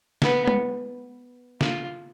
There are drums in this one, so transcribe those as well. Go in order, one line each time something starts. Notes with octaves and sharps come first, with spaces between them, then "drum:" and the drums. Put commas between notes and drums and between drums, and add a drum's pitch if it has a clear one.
B3, drum: snare
drum: tom G#3
F4, drum: snare